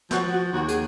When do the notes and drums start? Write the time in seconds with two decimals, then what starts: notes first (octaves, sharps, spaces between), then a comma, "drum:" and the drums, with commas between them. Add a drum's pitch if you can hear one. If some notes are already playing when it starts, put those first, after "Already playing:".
0.11 F3 F#4, drum: snare
0.32 F#4
0.53 D#2 F#4
0.68 G#4, drum: hi-hat